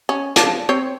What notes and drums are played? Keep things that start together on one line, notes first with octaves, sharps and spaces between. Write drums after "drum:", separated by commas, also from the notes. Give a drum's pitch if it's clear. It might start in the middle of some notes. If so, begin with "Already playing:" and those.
C#4
F3 D4, drum: hi-hat
C4 C5 C#5